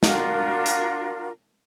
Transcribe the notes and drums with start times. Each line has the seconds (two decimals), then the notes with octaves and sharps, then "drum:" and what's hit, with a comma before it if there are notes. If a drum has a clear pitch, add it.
0.03 D4 F4 F#4 A#4, drum: snare
0.66 drum: hi-hat